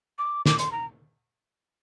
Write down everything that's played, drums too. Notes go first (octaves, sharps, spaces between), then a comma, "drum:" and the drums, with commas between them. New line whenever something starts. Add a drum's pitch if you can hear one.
D6
D6, drum: snare
C6, drum: hi-hat
A#5